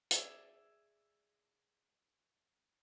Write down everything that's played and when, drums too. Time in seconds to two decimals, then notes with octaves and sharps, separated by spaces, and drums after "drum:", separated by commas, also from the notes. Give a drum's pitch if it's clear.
0.11 G#4 D5 E5, drum: hi-hat